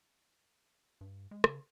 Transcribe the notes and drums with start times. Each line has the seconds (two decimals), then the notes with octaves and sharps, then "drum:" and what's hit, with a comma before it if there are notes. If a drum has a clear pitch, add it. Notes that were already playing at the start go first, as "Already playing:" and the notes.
1.01 G2
1.31 G#3
1.44 C#3, drum: rim click